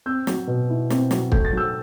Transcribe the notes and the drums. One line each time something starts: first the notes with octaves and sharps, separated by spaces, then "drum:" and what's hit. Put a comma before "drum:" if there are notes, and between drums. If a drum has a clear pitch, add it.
C4 E6 G6
F#3, drum: snare
B2
E4
C4, drum: snare
F#3, drum: snare
A3 G6, drum: kick
A6
F#3 E6 G6